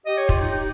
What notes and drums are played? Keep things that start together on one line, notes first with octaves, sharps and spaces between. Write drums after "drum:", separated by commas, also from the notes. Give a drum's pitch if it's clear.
G4 D#5
C#5
F4, drum: kick
D#4
D#4